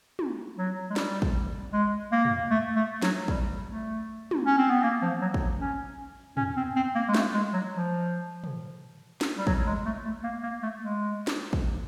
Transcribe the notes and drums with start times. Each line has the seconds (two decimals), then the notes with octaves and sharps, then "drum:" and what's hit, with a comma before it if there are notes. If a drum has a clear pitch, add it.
0.19 drum: tom
0.58 F#3
0.90 G#3
0.96 G3, drum: snare
1.22 drum: kick
1.73 G#3
2.12 A#3
2.25 drum: tom
2.51 A3
2.76 A3
3.02 F#3, drum: snare
3.28 G3, drum: kick
3.66 A3
4.31 drum: tom
4.46 C#4
4.58 C4
4.70 B3
4.83 A#3
5.02 F3
5.22 F#3
5.34 drum: kick
5.60 C#4
6.37 C#4, drum: tom
6.57 C4
6.76 C4
6.95 A#3
7.08 G#3
7.14 A3, drum: snare
7.34 G#3
7.53 F#3
7.73 F3
8.44 drum: tom
9.21 drum: snare
9.38 G3
9.47 F#3, drum: kick
9.67 G#3
9.85 A3
10.05 A3
10.24 A#3
10.43 A#3
10.63 A3
10.82 G#3
11.27 drum: snare
11.53 drum: kick